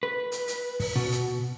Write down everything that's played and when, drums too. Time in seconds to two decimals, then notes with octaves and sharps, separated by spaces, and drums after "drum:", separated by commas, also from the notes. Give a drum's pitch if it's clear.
0.03 B4
0.32 drum: hi-hat
0.48 drum: hi-hat
0.80 drum: kick, open hi-hat
0.96 B2
1.12 drum: hi-hat